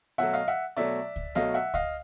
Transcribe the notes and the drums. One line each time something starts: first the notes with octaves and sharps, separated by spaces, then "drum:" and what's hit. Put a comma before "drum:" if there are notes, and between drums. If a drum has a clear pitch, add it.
B2 F#3 A3 E5 F#5
D#5 F5
E5 F#5
B2 F#3 A3 D5 E5
drum: kick C#2
B2 F#3 A3 D#5 F5, drum: snare
E5 F#5
D#5 F5, drum: kick C#2